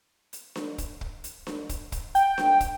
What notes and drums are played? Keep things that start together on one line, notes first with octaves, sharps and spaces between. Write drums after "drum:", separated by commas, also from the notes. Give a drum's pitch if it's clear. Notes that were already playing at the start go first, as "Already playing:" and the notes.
drum: hi-hat
drum: snare D4
drum: kick, hi-hat
drum: kick
drum: hi-hat
drum: snare D4
drum: kick, hi-hat
drum: kick, hi-hat
G5, drum: hi-hat
drum: snare D4
drum: kick, hi-hat